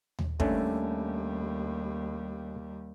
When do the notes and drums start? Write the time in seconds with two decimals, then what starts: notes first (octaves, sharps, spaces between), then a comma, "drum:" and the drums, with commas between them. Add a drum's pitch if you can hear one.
0.19 drum: tom D#2
0.40 D#2 G3 A3 C#4 D4, drum: kick